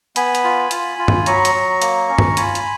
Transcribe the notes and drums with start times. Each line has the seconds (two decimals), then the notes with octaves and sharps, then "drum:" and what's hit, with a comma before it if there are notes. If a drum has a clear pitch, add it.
0.16 B3 G#5 B5, drum: hi-hat
0.35 drum: hi-hat
0.44 F4
0.71 F4, drum: hi-hat
0.99 F4
1.08 drum: tom
1.26 F#3 A#5 C#6, drum: hi-hat
1.45 drum: hi-hat
1.55 F#3
1.82 A#3, drum: hi-hat
2.09 C#4
2.18 drum: tom
2.37 F4 G#5 B5, drum: hi-hat
2.55 drum: hi-hat